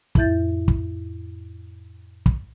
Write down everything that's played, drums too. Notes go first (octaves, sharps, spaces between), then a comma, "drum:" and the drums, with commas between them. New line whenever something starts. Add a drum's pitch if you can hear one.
F2 A2 E4 E5 G6 A6, drum: kick
drum: kick
drum: kick